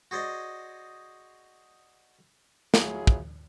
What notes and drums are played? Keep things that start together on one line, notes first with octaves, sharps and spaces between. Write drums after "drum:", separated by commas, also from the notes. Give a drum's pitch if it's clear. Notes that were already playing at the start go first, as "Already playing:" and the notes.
F#4 G#4 C5 D5 D#5
F#3 E4 F4 G#4, drum: snare
drum: kick